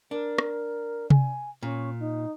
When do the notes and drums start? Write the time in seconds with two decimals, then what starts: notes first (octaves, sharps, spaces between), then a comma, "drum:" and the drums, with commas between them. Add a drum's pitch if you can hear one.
0.11 D4 A#4
0.38 drum: rim click
1.10 G#5, drum: tom C3
1.63 A#2 C#4
1.99 D#4